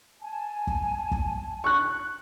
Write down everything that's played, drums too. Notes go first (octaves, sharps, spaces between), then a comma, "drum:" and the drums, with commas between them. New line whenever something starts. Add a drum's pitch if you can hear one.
G#5 A5
drum: kick
drum: kick
C#6 F#6